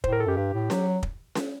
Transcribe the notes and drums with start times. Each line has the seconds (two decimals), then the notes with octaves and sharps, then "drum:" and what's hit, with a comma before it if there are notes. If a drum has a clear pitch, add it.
0.04 A2 C5, drum: kick
0.13 A#4
0.20 A4
0.26 F#2 G4
0.37 G2 G4
0.54 A2
0.70 F#3, drum: snare C#4
1.03 drum: kick
1.35 drum: snare C#4